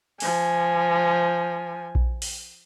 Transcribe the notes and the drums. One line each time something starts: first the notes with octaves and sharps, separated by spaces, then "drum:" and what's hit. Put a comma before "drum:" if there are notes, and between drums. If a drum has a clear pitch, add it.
F3 G#5, drum: open hi-hat
drum: kick A#1
drum: open hi-hat